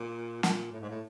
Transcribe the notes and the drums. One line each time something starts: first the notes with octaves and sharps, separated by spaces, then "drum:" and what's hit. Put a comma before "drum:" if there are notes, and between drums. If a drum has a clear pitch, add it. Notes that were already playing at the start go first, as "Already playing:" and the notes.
Already playing: A#2
A#2, drum: snare
A2
G#2
A2